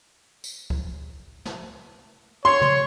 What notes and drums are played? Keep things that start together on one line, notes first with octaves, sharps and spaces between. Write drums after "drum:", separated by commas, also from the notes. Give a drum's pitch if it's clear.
drum: tambourine
drum: kick C#2
drum: snare
C#5 C6
drum: tom